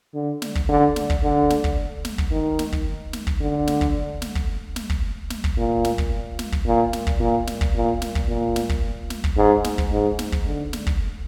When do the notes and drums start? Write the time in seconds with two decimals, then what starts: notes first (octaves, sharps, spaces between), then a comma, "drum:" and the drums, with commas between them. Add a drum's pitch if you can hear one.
0.14 D3
0.42 drum: snare
0.55 drum: kick
0.69 D3
0.96 drum: snare
1.10 drum: kick
1.23 D3
1.50 drum: snare
1.64 drum: kick
2.05 drum: snare
2.18 drum: kick
2.31 D#3
2.59 drum: snare
2.72 drum: kick
3.13 drum: snare
3.27 drum: kick
3.41 D3
3.67 drum: snare
3.81 drum: kick
4.22 drum: snare
4.35 drum: kick
4.76 drum: snare
4.90 drum: kick
5.30 drum: snare
5.44 drum: kick
5.57 A#2
5.85 drum: snare
5.98 drum: kick
6.39 drum: snare
6.52 drum: kick
6.66 A#2
6.93 drum: snare
7.07 drum: kick
7.20 A#2
7.47 drum: snare
7.61 drum: kick
7.75 A#2
8.02 drum: snare
8.15 drum: kick
8.28 A#2
8.56 drum: snare
8.69 drum: kick
9.10 drum: snare
9.24 drum: kick
9.37 G#2
9.64 drum: snare
9.78 drum: kick
9.92 G#2
10.19 drum: snare
10.32 drum: kick
10.46 D3
10.73 drum: snare
10.87 drum: kick